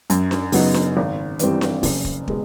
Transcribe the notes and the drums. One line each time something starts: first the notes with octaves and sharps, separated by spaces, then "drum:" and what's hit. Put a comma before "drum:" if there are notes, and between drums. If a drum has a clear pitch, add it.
F#2, drum: hi-hat
drum: snare D4
C#3 F#3 B3 D#4, drum: open hi-hat
drum: snare D4
G#1
G2 E3 G3 C4, drum: hi-hat
drum: snare D4
F#1, drum: kick, open hi-hat
drum: kick
B2 G#3, drum: kick